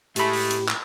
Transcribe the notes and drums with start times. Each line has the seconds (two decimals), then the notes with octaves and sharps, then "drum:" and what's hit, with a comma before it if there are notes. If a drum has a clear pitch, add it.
0.16 A2 G#3 A3 G4 B5, drum: hi-hat
0.33 drum: open hi-hat
0.51 drum: hi-hat
0.68 drum: clap